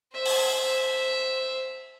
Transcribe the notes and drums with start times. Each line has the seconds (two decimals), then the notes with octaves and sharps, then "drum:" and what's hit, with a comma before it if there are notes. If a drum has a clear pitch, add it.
0.13 C5 E5
0.25 drum: open hi-hat